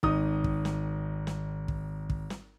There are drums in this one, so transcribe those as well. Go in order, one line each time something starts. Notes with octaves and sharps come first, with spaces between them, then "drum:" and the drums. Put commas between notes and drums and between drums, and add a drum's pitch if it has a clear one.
G#1 D#4 D#6, drum: kick
drum: kick
drum: snare
drum: snare
drum: kick
drum: kick
drum: snare